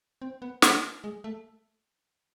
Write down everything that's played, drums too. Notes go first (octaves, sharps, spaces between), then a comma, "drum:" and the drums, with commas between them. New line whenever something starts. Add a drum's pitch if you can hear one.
C4
B3
A#3, drum: snare
G#3
A3